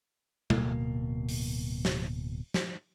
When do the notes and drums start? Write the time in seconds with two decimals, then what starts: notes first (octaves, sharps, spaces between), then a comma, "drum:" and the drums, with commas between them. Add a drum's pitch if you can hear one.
0.50 D1 B2 A#3, drum: tom G3
1.29 drum: open hi-hat
1.85 drum: snare
2.54 drum: snare